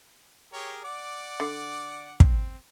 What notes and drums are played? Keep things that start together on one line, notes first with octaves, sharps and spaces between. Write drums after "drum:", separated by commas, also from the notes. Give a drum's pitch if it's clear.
G4 G#4 A#4 C#5
D5 F#5 D6
D3
C4, drum: kick